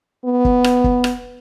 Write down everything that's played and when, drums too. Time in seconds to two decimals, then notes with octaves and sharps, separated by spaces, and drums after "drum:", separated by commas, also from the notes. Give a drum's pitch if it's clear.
0.25 B3
0.45 drum: kick
0.64 drum: rim click
0.84 drum: kick
1.04 drum: rim click